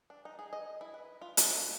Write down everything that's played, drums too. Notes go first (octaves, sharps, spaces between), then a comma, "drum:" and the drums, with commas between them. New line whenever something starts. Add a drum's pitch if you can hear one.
D4
D#4
G#4
D#5
E4
B4
F4
A4, drum: hi-hat
F5